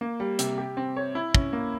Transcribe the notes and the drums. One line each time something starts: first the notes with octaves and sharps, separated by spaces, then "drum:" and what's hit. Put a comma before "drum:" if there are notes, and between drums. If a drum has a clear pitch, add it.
A#3
G3
C3, drum: hi-hat
G4
C4
C#5
E4
C#4, drum: kick
A#3